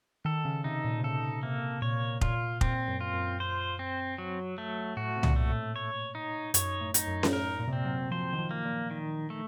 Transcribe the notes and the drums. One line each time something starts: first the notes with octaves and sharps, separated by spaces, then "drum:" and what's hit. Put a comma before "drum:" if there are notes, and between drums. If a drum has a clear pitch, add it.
D#3 A4
C#3
C3 D#4
A#2
C3
C#3 A4
C3 A#3
A#2 C#5
A#2 F4, drum: kick F1
A#2 C4, drum: kick F1
F#2
F4
F#2
C5
C4
F#3
A3
A2 F#4
C3
A#2, drum: tom
A3
A2
C#5
D#4
F#2 C#5, drum: hi-hat
A2
D#4, drum: hi-hat
F#2
drum: snare C#4
A2 A#4
A#2
C3
A#2 C4
F#3
F3 C5
D#3
F3
A#3
A#2
D#3
A3